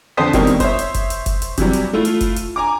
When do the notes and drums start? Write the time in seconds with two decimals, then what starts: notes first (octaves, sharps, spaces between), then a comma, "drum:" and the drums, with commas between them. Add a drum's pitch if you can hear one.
0.17 F2 D3 C5 A5 D#6 B6
0.33 B2 D#3 G3 A#3 C4, drum: kick F1, hi-hat
0.47 drum: hi-hat
0.60 C5 C#5 E5, drum: kick F1, hi-hat
0.79 drum: hi-hat
0.95 drum: kick F1, hi-hat
1.10 drum: hi-hat
1.26 drum: kick F1, hi-hat
1.42 drum: hi-hat
1.58 C3 E3 F#3 G3, drum: kick F1, hi-hat
1.73 drum: hi-hat
1.93 A3 E4 F4
2.05 drum: hi-hat
2.21 drum: kick F1, hi-hat
2.37 drum: hi-hat
2.56 G#5 A#5 D6